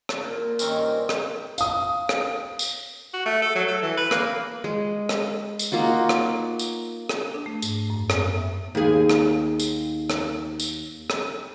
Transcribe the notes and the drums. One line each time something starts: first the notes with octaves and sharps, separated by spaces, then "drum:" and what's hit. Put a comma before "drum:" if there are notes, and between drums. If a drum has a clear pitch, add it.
drum: rim click
A#2
G2 D#3 C4 C#4, drum: tambourine
D5
drum: rim click
F5 D#6, drum: tambourine
drum: rim click
drum: tambourine
F#4
A3
A4
F#3
A4
E3
B4
A#3, drum: rim click
G#3
drum: rim click
drum: tambourine
A#3 D#4 F4 F#4
drum: rim click
drum: tambourine
drum: rim click
D4
A3
G#2, drum: tambourine
F#2
B3, drum: rim click
E5
D#2 G#4
drum: rim click
drum: tambourine
drum: rim click
drum: tambourine
drum: rim click